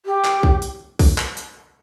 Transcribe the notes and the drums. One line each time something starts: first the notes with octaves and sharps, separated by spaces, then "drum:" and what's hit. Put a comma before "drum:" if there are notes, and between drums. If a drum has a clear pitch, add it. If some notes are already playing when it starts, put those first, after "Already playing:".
G4
drum: clap
drum: kick
drum: hi-hat
drum: kick, open hi-hat
drum: clap
drum: hi-hat